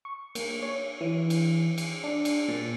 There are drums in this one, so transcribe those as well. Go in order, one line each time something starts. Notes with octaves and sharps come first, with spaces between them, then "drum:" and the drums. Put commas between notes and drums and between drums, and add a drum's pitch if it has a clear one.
C#6
A#3, drum: cymbal
C#5
E3
drum: cymbal
drum: cymbal
D4
drum: cymbal
A#2